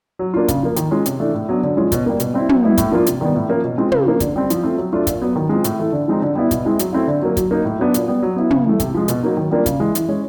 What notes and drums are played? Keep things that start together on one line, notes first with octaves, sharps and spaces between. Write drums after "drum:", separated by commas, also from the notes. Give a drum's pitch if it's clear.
F#3
A#3 D4 F4
C#3, drum: kick, hi-hat
F3 A#3
D#3, drum: hi-hat
G#3 C#4 F4
C3, drum: hi-hat
E3 A3 D4
A2
F#3 B3 D4
D3
F3 G#3 C#4 F4
B2, drum: kick, hi-hat
G3 A#3
B2, drum: hi-hat
G3 C4 E4
F#3, drum: tom
B3 E4
A2, drum: kick, hi-hat
F3 A#3 D4 F4
C3, drum: hi-hat
D#3 G3 B3
A2
F3 A#3 C#4
B2
G#3 C4 F4
C#3, drum: tom
F3 A#3
D3, drum: kick, hi-hat
G3 C4
F3, drum: hi-hat
A3 C4 F4
F#3
A3 D4 F4
A#2, drum: kick, hi-hat
F#3 B3
D#3
G#3 C4 F4
A2, drum: hi-hat
E3 A3
D3
F3 G#3 C4 D#4
D3
G3 B3 E4
B2, drum: kick, hi-hat
G#3 C4 E4
F#3, drum: hi-hat
A3 C4 E4
D3
F#3 A#3
F#3, drum: kick, hi-hat
A#3 D#4
A2
F#3 B3 D4
A#2, drum: hi-hat
G3 B3
F#3
B3 E4
C#3, drum: tom
E3 A3
C3, drum: kick, hi-hat
F3 G#3
B2, drum: hi-hat
F#3 A#3 D#4
D#3
G3 A#3 D4 F4
C#3, drum: kick, hi-hat
E3 G#3
E3, drum: hi-hat
G#3 C#4